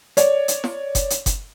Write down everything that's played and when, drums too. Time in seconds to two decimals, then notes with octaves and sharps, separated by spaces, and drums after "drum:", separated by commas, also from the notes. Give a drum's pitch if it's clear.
0.17 C#5 D5, drum: hi-hat
0.48 drum: hi-hat
0.64 drum: snare
0.95 drum: kick F#1, hi-hat
1.10 drum: hi-hat
1.26 drum: kick F#1, hi-hat